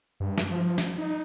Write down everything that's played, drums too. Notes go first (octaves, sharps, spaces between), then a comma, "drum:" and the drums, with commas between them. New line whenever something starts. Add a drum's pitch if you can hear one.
G2
drum: snare
F3
drum: snare
D#4